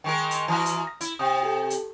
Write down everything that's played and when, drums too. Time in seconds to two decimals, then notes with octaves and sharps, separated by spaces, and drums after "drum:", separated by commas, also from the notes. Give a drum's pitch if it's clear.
0.04 D#3 G#3 A#4 G5 C#6
0.31 drum: hi-hat
0.48 E3 F#4 A#5 D#6 F6
0.66 drum: hi-hat
0.87 A#6
1.01 E4, drum: hi-hat
1.19 C3 G5 D#6
1.43 G4 A4
1.70 drum: hi-hat